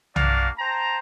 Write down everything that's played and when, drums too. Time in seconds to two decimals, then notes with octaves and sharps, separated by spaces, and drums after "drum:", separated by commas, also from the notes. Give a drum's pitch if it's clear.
0.16 A#3 D4 F#4 D5 F5, drum: tom B1
0.59 C5 G5 A5 A#5